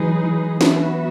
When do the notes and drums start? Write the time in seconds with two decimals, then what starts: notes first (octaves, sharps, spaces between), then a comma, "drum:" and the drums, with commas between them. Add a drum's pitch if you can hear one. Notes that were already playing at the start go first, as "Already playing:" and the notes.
Already playing: E3 F#3 G#3 D#4 G#4 B4
0.24 E3
0.61 B3 F#4 B4 E5, drum: snare